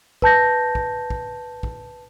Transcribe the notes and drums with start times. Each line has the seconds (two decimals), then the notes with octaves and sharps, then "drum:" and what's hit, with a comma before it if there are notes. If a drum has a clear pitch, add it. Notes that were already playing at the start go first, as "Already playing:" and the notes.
0.22 B4 A5 G6 A#6, drum: kick
0.75 drum: kick
1.10 drum: kick
1.63 drum: kick